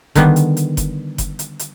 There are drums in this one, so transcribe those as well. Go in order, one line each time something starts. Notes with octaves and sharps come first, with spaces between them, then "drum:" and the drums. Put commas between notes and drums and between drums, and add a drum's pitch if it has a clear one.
D3 D#3 G3 B3, drum: kick F#1, hi-hat
drum: hi-hat
drum: hi-hat
drum: kick F#1, hi-hat
drum: kick F#1, hi-hat
drum: hi-hat
drum: hi-hat